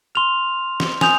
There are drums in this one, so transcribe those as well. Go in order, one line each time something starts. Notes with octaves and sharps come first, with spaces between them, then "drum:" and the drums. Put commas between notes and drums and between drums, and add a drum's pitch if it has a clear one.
C6 F6 F7
drum: snare
G#5 D#6 G6 F7, drum: snare